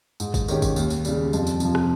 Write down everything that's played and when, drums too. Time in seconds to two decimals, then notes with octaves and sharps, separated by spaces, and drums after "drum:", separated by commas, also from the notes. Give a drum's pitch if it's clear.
0.20 G#2, drum: tambourine
0.34 drum: kick, tambourine
0.48 D#3 G#3 C#4 G4, drum: tambourine
0.62 drum: kick, tambourine
0.76 D#2, drum: tambourine
0.90 drum: tambourine
1.05 C#3 G3, drum: tambourine
1.33 F2, drum: tambourine
1.47 drum: tambourine
1.60 C3 F3, drum: tambourine
1.75 drum: rim click